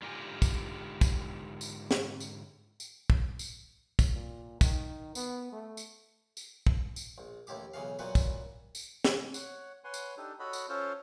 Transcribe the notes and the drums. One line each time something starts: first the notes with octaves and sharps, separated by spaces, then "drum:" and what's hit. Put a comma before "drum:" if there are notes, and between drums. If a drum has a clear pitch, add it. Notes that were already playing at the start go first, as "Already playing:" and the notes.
G#2 D3 F4 G4 A#4 G#5
drum: kick, tambourine
drum: kick, tambourine
drum: tambourine
drum: snare
drum: tambourine
drum: tambourine
drum: kick
drum: tambourine
drum: kick, tambourine
A#2
D#3, drum: kick, tambourine
B3, drum: tambourine
A3
drum: tambourine
drum: tambourine
drum: kick
drum: tambourine
A#1
A1 D#2 E4 G4 D6
B1 C#3 E3 F5
A#2 E3 F#3 B4 G5 C#6
drum: kick, tambourine
drum: tambourine
drum: snare
C#5 F#5, drum: tambourine
B4 C#5 F#5 G#5 C6
drum: tambourine
D4 D#4 G4 A4
F#4 A4 C#5 D#5 F#5 B5
drum: tambourine
C#4 F4 A4 C5 C#5 F5